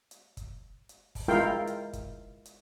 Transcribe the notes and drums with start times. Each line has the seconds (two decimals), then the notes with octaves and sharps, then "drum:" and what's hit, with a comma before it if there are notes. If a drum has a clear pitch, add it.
0.11 drum: hi-hat
0.37 drum: kick, hi-hat
0.89 drum: hi-hat
1.15 drum: kick, open hi-hat
1.28 G#3 E4 F4 A#4 F5 G5
1.67 drum: hi-hat
1.93 drum: kick, hi-hat
2.45 drum: hi-hat